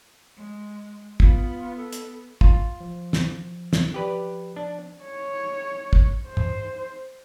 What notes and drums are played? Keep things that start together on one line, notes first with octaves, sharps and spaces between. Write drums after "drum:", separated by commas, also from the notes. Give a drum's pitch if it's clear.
G#3
B3 F4, drum: kick
A4
drum: hi-hat
F4, drum: kick
F3
drum: snare
drum: snare
G4 B4 D5
D4
C#5
drum: kick
C5
drum: tom